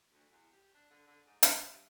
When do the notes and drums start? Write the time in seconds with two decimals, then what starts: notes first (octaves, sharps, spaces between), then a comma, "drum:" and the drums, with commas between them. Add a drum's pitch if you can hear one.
0.12 D2
0.30 E2
0.52 G4
0.74 D4
0.90 D3
1.07 D3
1.26 G#2
1.43 D3, drum: hi-hat
1.57 C#3
1.70 G2